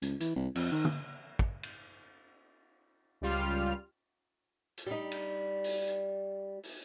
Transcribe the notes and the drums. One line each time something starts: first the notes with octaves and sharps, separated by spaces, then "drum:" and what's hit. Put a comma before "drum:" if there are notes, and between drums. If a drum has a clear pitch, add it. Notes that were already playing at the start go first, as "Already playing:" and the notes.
C#2, drum: hi-hat
E3, drum: hi-hat
C2
F2, drum: cymbal
D#3
drum: tom
drum: kick
drum: cymbal
C#2 G3 F4 F6
drum: hi-hat
G3 D#4
drum: cymbal
drum: open hi-hat
drum: hi-hat
drum: open hi-hat